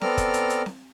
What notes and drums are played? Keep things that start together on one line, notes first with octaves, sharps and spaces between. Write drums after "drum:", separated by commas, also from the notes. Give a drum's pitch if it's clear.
B3 C4 A4 D5 A#5 F6, drum: snare C4
drum: kick, hi-hat
drum: hi-hat
drum: hi-hat
drum: snare C4